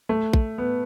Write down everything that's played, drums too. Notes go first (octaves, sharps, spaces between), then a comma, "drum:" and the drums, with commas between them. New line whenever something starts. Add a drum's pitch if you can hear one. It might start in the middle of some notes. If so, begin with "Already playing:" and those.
A3
drum: kick
B3